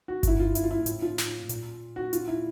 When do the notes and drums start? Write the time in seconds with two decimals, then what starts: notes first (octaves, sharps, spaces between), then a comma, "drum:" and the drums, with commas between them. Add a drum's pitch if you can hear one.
0.08 F#4
0.23 G2 E4, drum: kick G1, hi-hat
0.40 F4
0.55 E4, drum: hi-hat
0.63 F4
0.71 E4
0.86 A2, drum: hi-hat
1.02 F4
1.18 drum: snare
1.49 A#2, drum: hi-hat
1.96 F#4
2.13 F4, drum: hi-hat
2.28 E4